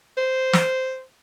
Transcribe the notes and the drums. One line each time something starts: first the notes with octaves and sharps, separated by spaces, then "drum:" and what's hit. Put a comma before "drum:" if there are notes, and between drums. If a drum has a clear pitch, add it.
C5
drum: snare